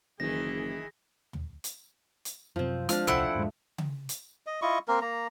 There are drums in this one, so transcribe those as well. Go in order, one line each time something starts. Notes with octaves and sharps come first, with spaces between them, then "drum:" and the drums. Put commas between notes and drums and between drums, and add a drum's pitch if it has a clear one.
F#1 D#3 E3 G#4 A#6
drum: tom
drum: hi-hat
drum: hi-hat
F#2 C3 F3 C4
F3 G#3 D4 F6, drum: hi-hat
D#1 C2 A3 C4 E4 F#5
E2 G#2 G#3
drum: tom C#3
drum: hi-hat
D#5
E4 F4 D#5 C#6
A#3 C4 A#4
A#3 A#5